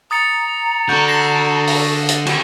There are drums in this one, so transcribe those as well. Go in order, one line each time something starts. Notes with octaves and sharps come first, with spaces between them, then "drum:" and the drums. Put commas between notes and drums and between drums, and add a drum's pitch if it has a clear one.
A#5 D#6 A6 C#7
D3 F#4 A4 G6
A#6 C7 E7
drum: open hi-hat
drum: hi-hat
F#4 G4, drum: cymbal